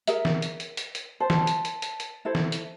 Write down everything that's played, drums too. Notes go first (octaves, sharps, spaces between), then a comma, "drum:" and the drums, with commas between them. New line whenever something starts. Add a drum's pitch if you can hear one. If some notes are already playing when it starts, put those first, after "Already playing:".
G#4 A#4 E5, drum: hi-hat
drum: snare
drum: hi-hat
drum: hi-hat
drum: hi-hat
drum: hi-hat
C5 A5
drum: snare
drum: hi-hat
drum: hi-hat
drum: hi-hat
drum: hi-hat
E4 A4 C5
drum: snare
drum: hi-hat